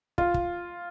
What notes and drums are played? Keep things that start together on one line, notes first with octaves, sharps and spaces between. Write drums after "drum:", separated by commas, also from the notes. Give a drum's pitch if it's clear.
F4, drum: kick
drum: kick